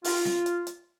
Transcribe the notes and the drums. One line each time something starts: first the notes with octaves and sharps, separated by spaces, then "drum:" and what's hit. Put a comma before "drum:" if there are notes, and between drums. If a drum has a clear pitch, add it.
F4, drum: open hi-hat
drum: snare C4
drum: hi-hat
drum: hi-hat